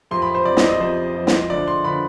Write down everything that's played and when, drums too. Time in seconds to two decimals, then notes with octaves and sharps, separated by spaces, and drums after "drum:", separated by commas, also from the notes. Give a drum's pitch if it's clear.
0.11 F2 C3 F3 C6
0.22 B5
0.35 C5
0.45 F2 C3 F3 D5
0.57 D#5, drum: snare
0.69 D#5
0.80 F2 C3 F3 C5
1.15 F2 C3 F3
1.27 drum: snare
1.50 D2 D3 F3 D5
1.68 C6
1.84 D3 F3 B5